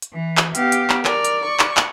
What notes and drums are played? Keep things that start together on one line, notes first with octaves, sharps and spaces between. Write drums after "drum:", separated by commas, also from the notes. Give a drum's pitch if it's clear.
drum: hi-hat
E3
drum: clap
B3 G4 F5, drum: hi-hat
drum: hi-hat
drum: clap
A#4 D5, drum: clap
drum: hi-hat
C#6
drum: clap
drum: clap